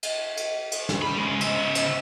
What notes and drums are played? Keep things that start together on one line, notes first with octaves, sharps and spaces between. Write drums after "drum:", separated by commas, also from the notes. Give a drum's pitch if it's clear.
drum: cymbal
drum: cymbal
drum: cymbal
drum: snare
G3 B5
C#3 G#3
C#3 E5, drum: cymbal
drum: cymbal